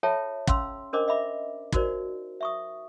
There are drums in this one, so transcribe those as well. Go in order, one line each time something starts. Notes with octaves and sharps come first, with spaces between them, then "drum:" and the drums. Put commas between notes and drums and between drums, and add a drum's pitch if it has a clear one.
F4 A4 C#5 E5 G5 A5
C#4 F5 C6 E6, drum: kick
C#4 D4 A#4 C5 D#5 D6
D#5 E5 B5 D6
D#4 F#4 A#4 C5 D5, drum: kick
E5 C#6 D#6